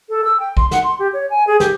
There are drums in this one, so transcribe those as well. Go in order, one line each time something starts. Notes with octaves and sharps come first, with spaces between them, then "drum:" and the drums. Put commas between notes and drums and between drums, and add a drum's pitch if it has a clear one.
A4
E6
G5
C6, drum: kick
F#5, drum: snare
C6
G4
C#5
G#5
G#4
G4, drum: snare